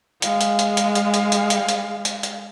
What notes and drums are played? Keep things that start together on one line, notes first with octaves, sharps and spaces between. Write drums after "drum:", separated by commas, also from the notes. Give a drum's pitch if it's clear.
G#3 F5, drum: hi-hat
drum: hi-hat
drum: hi-hat
drum: hi-hat
drum: hi-hat
drum: hi-hat
drum: hi-hat
drum: hi-hat
drum: hi-hat
drum: hi-hat
drum: hi-hat